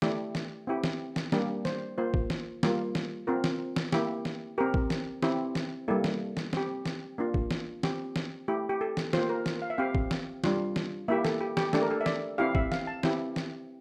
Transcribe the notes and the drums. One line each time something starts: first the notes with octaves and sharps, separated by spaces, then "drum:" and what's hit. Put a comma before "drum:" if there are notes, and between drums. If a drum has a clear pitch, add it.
A3 E4 G4 D5, drum: snare
drum: snare
C4 E4 G4
drum: snare
drum: snare
G3 A#3 D4 G4 D5, drum: snare
C5, drum: snare
A#3 F4 C5
drum: kick
drum: snare
G3 A#3 F4, drum: snare
drum: snare
C4 F4 A#4
drum: snare
drum: snare
A#3 E4 G4, drum: snare
drum: snare
C4 G4 A#4
drum: kick
drum: snare
C4 E4 G4, drum: snare
drum: snare
G3 A#3 E4 A4
drum: snare
drum: snare
C4 G4, drum: snare
drum: snare
A#3 D4 F4
drum: kick
drum: snare
C4 G4, drum: snare
drum: snare
A3 E4 G4
G4
A4
drum: snare
A#3 F4 C5, drum: snare
A#4
drum: snare
F5
E5
C4 G4 F5
drum: kick
drum: snare
G3 D4 F4, drum: snare
drum: snare
A#3 E4 G4 E5
A4, drum: snare
G4
G4, drum: snare
A3 D4 G4 A4, drum: snare
A#4
A4
E5
D5, drum: snare
C4 E4 G4 F5
E5, drum: kick
F5, drum: snare
A5
C4 E4 G4, drum: snare
drum: snare